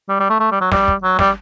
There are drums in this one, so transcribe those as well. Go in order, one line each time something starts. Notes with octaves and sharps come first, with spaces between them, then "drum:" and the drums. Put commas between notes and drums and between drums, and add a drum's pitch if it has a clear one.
G3
G3
A3
A3
G3
F#3
G3, drum: snare
drum: kick
F#3
G3, drum: snare